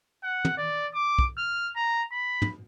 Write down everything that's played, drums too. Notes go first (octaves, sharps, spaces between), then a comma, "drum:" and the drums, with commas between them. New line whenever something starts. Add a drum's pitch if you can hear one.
F#5
drum: tom
D5
D6
drum: kick
F6
A#5
B5
drum: tom